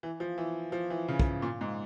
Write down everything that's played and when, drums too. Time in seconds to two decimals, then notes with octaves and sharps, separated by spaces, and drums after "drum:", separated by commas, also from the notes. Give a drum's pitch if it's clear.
0.03 E3
0.20 F3
0.38 E3
0.72 F3
0.90 E3
1.08 C#3
1.20 drum: kick
1.42 A#2
1.61 G#2